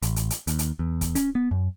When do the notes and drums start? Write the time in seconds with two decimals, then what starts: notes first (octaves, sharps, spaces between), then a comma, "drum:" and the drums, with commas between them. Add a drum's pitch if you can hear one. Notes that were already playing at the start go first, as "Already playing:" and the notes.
0.02 A1, drum: hi-hat
0.16 drum: hi-hat
0.30 drum: hi-hat
0.47 D#2, drum: hi-hat
0.59 drum: hi-hat
0.79 E2
1.01 drum: kick C#1, hi-hat
1.15 C#4, drum: hi-hat
1.35 B3
1.51 F#2